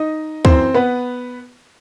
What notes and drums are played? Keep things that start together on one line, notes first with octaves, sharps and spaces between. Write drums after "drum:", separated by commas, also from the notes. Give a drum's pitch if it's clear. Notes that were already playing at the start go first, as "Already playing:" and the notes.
Already playing: D#4 D#5
F#2 E3 C4 C5, drum: kick D2
B3 B4